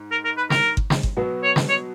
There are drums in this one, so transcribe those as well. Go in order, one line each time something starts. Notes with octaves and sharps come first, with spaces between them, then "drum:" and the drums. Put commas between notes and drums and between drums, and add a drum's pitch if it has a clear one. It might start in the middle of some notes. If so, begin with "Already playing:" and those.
Already playing: G#2
A#4
A#4
B4
A#4, drum: snare
drum: kick G1
drum: snare
drum: kick G1
B2 F#3 B3 F#4
C#5
drum: snare
C#5